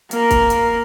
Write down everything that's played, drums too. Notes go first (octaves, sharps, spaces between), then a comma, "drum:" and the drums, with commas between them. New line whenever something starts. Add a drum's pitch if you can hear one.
A#3 A#4, drum: hi-hat
drum: kick, hi-hat
drum: hi-hat